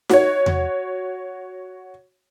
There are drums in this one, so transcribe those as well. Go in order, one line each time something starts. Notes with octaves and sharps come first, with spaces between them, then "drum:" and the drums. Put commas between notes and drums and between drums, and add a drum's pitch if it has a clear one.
F#4 C#5, drum: snare D#4
drum: tom E2